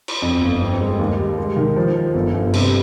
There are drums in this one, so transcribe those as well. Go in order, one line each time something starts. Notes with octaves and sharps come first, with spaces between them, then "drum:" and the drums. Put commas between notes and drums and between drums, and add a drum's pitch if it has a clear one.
drum: cymbal
F2
G1
C4
G#3
D#2
G3
G#3
D#3
F3
F3
G1
G1
C3, drum: cymbal